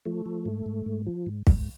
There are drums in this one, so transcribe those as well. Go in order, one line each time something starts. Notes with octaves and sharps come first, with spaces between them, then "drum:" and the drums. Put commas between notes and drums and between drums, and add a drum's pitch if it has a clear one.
F3 A3
F3
G#2
G#2
G#2
F3
G#2
G#2, drum: kick